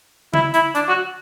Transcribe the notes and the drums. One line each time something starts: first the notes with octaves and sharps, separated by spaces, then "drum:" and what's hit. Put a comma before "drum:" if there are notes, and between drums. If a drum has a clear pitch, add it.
E4, drum: tom
E4, drum: hi-hat
D4, drum: hi-hat
F#4